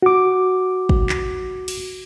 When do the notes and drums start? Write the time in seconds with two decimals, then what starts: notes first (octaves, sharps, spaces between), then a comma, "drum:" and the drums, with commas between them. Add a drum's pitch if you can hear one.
0.02 F#4 D6
0.89 drum: kick
1.09 drum: clap
1.68 drum: cymbal